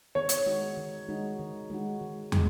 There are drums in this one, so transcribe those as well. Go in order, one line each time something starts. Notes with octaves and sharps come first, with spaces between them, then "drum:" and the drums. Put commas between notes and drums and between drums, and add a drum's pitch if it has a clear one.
D#3 C#5
drum: hi-hat
G#3 D#4 F#4
D#3
G#3 D#4 F#4
D#3
G#3 D#4 F#4
D#3
G#3 D#4, drum: tom